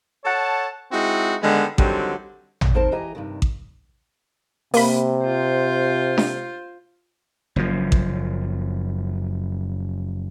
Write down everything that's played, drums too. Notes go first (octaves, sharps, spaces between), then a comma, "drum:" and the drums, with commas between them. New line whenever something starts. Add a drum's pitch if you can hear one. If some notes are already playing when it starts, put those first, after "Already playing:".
A4 C#5 F#5 A5
G#3 C4 D#4 E4 F#4
D3 D#3 G3 G#3 B3
D3 D#3 F#3 G3 C4, drum: kick A1
drum: tom
D#3 C4 A#4 C5 A5
E3 G4 D#5 G#5 A#5
G2 C3 D#3
drum: kick A1
C3 A#3 B5, drum: open hi-hat
F4 C5
drum: snare D4
F#1 F#2 F3
drum: kick A1